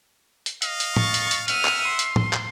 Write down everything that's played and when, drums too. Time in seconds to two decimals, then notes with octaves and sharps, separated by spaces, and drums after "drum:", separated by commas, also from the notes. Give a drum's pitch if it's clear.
0.46 drum: hi-hat
0.62 D#5 F5, drum: hi-hat
0.80 drum: hi-hat
0.97 C#6 A6, drum: tom
1.14 drum: hi-hat
1.31 drum: hi-hat
1.48 E5 F#5 F6 D#7, drum: hi-hat
1.65 drum: clap
1.88 C6
1.99 drum: hi-hat
2.16 drum: tom
2.33 drum: clap